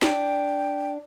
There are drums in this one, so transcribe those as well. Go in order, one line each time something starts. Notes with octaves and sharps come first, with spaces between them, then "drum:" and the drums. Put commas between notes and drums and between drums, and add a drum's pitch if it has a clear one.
D4 G5, drum: snare